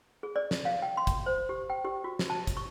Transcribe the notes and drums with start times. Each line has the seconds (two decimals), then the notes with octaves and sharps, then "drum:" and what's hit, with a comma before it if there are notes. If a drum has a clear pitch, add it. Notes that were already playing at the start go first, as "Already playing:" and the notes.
0.23 G#4
0.36 D5
0.51 drum: snare
0.65 F5
0.82 G5
0.97 C6
1.07 drum: kick, hi-hat
1.26 C5
1.49 G4
1.70 G5
1.85 G4
2.04 F#4
2.19 drum: snare
2.30 A5
2.47 drum: kick, hi-hat
2.57 C#6